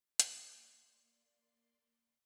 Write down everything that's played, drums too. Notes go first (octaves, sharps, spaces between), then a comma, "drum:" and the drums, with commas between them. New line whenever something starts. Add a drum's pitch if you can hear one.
A#3 D5 C6, drum: hi-hat